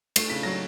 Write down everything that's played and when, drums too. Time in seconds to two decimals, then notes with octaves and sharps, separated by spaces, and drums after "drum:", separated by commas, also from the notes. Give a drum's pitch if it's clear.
0.16 A3 C7, drum: cymbal
0.30 C#3 B6
0.43 F#3 A#6